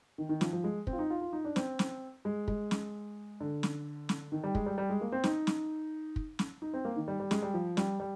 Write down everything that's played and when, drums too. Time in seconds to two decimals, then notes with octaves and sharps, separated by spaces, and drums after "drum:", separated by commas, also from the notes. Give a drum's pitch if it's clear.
0.18 D#3
0.29 D#3
0.41 F3, drum: snare
0.53 F3
0.64 G#3
0.87 C4, drum: kick
0.93 F4
0.99 D#4
1.10 F4
1.21 F4
1.33 D#4
1.45 D4
1.56 C4, drum: snare
1.79 drum: snare
2.25 G#3
2.48 G#3, drum: kick
2.71 drum: snare
3.41 D3
3.63 drum: snare
4.09 drum: snare
4.32 D#3
4.44 G3
4.55 G#3, drum: kick
4.66 G3
4.78 G3
4.90 G#3
5.01 A#3
5.12 C4
5.24 D#4, drum: snare
5.47 drum: snare
6.16 drum: kick
6.39 drum: snare
6.62 D#4
6.74 C4
6.85 A#3
6.96 D#3
7.08 G3
7.20 G3
7.31 G#3, drum: snare
7.42 G3
7.54 F3
7.77 G3, drum: snare
8.00 G3